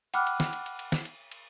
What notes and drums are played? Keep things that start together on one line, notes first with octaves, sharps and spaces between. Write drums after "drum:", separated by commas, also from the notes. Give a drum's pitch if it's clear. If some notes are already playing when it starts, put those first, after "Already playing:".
F#5 G5 B5 D6 F6 F#6, drum: cymbal
drum: cymbal
drum: snare
drum: cymbal
drum: cymbal
drum: cymbal
drum: snare
drum: cymbal
drum: cymbal